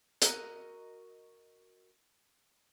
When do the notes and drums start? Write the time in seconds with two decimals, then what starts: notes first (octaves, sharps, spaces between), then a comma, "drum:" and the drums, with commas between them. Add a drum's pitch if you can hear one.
0.22 F#4 A#4 D#5 E6, drum: hi-hat